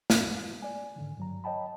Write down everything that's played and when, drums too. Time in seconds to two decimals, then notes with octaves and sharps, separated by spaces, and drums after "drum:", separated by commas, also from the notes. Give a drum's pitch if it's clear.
0.10 A2 C#4, drum: snare
0.24 G#3
0.62 D5 G#5
0.96 G#2 D3 D#3
1.17 G2 F#3 A#5
1.44 C#5 D#5 G5 A5 B5